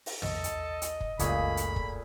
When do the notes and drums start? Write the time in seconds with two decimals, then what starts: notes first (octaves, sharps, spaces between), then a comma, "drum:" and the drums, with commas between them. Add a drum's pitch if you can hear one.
0.06 drum: open hi-hat
0.22 A4 D#5, drum: tom
0.44 drum: hi-hat
0.82 drum: hi-hat
1.01 drum: kick
1.19 F#1 C#2 A#2 A3 G#4 B5, drum: kick, hi-hat
1.57 drum: hi-hat
1.76 drum: kick